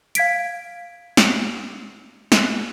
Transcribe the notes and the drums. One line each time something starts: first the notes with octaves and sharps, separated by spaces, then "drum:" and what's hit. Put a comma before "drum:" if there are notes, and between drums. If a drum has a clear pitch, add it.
F5 G#6 B6 D7, drum: hi-hat
drum: snare
drum: snare